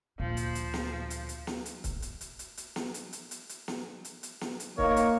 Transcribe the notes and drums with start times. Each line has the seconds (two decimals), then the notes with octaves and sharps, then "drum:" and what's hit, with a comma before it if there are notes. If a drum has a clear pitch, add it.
0.20 D2 A#2 F3
0.37 drum: hi-hat
0.55 drum: hi-hat
0.74 drum: snare
1.10 drum: hi-hat
1.29 drum: hi-hat
1.47 drum: snare
1.66 drum: hi-hat
1.84 drum: kick C#1, hi-hat
2.02 drum: hi-hat
2.21 drum: hi-hat
2.39 drum: hi-hat
2.57 drum: hi-hat
2.76 drum: snare
2.94 drum: hi-hat
3.13 drum: hi-hat
3.31 drum: hi-hat
3.49 drum: hi-hat
3.68 drum: snare
4.05 drum: hi-hat
4.23 drum: hi-hat
4.41 drum: snare
4.60 drum: hi-hat
4.78 A#3 D#4 A#4 C#5, drum: kick C#1
4.96 drum: hi-hat